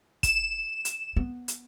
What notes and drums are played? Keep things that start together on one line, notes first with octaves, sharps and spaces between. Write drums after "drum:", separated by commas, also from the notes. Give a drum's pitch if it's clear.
E7, drum: kick, hi-hat
drum: hi-hat
B3
drum: hi-hat